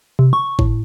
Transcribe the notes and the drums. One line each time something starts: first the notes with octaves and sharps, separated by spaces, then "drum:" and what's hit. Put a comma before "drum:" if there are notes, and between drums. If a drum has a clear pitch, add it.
C3
C#6
A2, drum: kick G1